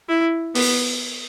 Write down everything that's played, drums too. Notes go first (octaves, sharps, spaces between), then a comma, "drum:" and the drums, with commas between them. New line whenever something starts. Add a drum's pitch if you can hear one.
E4
B3, drum: open hi-hat